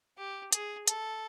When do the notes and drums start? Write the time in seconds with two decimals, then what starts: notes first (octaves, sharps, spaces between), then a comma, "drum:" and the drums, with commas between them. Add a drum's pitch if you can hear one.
0.18 G4
0.52 G#4, drum: hi-hat
0.88 A4, drum: hi-hat